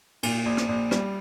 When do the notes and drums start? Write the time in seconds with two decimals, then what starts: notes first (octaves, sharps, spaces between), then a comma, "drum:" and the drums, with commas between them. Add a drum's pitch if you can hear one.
0.23 A#2, drum: cymbal
0.46 A#1
0.57 drum: rim click
0.69 A#1
0.91 G3, drum: rim click